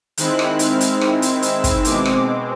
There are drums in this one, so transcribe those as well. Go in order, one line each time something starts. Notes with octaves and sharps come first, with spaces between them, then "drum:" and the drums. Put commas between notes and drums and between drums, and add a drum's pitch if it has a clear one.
D#3 G#3 C4 E4 F#6, drum: hi-hat
drum: rim click
F6, drum: hi-hat
drum: hi-hat
drum: rim click
drum: hi-hat
E6, drum: hi-hat
drum: kick, hi-hat
B2 G#3 C4 D6, drum: hi-hat
drum: rim click